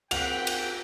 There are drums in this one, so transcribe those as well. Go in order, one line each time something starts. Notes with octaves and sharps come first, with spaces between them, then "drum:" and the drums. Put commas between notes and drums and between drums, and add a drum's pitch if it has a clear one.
A#3 C4 F#5 G5 F#6 B6 F7, drum: cymbal
drum: cymbal